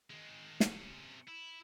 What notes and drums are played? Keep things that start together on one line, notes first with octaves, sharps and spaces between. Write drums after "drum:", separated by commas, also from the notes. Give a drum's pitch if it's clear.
D#3 G#3
C3 C#4, drum: snare
E4